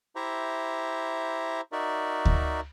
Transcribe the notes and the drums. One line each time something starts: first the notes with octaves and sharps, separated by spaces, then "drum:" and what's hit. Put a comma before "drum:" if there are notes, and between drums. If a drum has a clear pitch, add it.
E4 G4 C5 E5 A#5
D#4 F#4 A#4 D5 E5
drum: kick D2